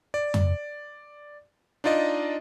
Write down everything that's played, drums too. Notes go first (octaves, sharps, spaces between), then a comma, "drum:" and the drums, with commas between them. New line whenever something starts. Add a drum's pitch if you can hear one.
D5
drum: tom F2
D4 D#4 F4 D5 D#5